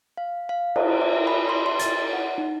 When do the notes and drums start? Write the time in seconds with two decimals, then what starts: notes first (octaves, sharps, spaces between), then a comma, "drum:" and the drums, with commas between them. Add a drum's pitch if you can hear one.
0.17 F5
0.49 F5
0.76 C5, drum: cymbal
1.02 E5
1.27 B5
1.49 C6
1.66 C6
1.79 A6, drum: hi-hat
2.13 F#5
2.38 D#4